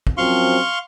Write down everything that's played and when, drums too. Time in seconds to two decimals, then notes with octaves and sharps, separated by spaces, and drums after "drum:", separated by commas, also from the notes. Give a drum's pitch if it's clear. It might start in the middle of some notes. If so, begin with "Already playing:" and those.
0.07 drum: kick G1
0.18 F#2 F3 C4 F5 C6 C#6